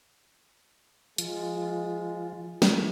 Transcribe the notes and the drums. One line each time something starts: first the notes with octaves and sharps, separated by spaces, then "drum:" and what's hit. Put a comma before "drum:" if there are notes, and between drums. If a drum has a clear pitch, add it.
F3 G#3 F4, drum: hi-hat
drum: snare